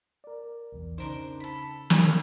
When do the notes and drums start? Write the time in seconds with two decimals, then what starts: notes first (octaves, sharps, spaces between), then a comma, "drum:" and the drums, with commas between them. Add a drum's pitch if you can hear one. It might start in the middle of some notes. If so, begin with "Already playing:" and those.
0.24 A#4 D5
0.72 B1 E2
0.98 C#3 D4 D#4 A#4 C5
1.40 A4 B5
1.90 drum: snare